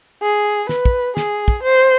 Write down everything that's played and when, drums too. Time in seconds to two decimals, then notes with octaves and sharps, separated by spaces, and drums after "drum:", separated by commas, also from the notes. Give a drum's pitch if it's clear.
0.23 G#4
0.69 B4, drum: snare
0.85 drum: kick
1.17 G#4, drum: snare
1.48 drum: kick
1.63 C5